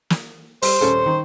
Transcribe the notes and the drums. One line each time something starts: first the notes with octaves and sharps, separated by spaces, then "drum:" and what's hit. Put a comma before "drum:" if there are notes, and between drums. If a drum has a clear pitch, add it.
drum: snare
G3 C5, drum: open hi-hat
D#1 C#4 A4
D#3